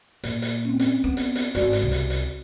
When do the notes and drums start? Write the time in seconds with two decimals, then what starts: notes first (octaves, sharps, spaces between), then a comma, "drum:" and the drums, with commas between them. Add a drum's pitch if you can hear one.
0.24 A#2, drum: hi-hat
0.42 drum: hi-hat
0.65 C4 C#4
0.79 drum: hi-hat
1.04 B3
1.17 drum: hi-hat
1.35 drum: hi-hat
1.55 G#1 G#2 F#4 D5, drum: hi-hat
1.73 drum: hi-hat
1.82 C2
1.91 drum: hi-hat
2.10 drum: hi-hat